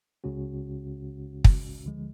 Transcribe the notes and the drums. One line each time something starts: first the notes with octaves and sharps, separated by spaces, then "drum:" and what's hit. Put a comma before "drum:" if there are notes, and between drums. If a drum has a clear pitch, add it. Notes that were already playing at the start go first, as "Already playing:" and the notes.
C#2 C#3 G#3 C#4 F#4
drum: kick
D2 D3 F3 G#3